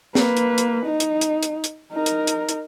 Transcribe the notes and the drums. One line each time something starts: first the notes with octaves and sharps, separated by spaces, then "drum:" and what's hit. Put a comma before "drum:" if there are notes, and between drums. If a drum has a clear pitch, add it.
A#3 B4, drum: snare
drum: hi-hat
drum: hi-hat
D#4
drum: hi-hat
drum: hi-hat
drum: hi-hat
drum: hi-hat
D#4 A#4
drum: hi-hat
drum: hi-hat
drum: hi-hat